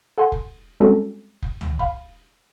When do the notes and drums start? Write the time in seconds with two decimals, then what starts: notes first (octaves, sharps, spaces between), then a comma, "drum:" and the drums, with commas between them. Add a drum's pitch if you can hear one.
0.18 A4 F#5 G#5 C6
0.32 drum: kick F1
0.80 G3 G#3 C4 C#4 F#4 A4
1.42 drum: kick F1
1.61 drum: tom C#2
1.79 F5 B5, drum: kick F1